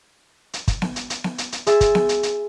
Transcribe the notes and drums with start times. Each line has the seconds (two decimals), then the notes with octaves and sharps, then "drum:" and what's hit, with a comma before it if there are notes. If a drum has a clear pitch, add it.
0.53 drum: hi-hat
0.68 drum: kick, hi-hat
0.82 drum: snare B3
0.96 drum: hi-hat
1.10 drum: hi-hat
1.24 drum: snare B3
1.38 drum: hi-hat
1.52 drum: hi-hat
1.67 G#4 E5 C6 E6 A6, drum: hi-hat
1.81 drum: kick, hi-hat
1.95 drum: snare B3
2.09 drum: hi-hat
2.23 drum: hi-hat